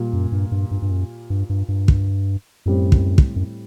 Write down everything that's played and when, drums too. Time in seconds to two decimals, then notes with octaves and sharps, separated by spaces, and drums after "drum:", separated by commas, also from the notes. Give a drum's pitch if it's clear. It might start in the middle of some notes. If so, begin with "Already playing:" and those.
Already playing: A#2 G3 A#3
0.13 F#2
0.32 G2
0.52 G2
0.71 G2
0.82 G2
0.91 F#2
1.30 G2
1.50 G2
1.68 G2
1.88 drum: kick
2.66 F#2 A2 G3 C4
2.92 drum: kick
3.18 drum: kick
3.36 F#2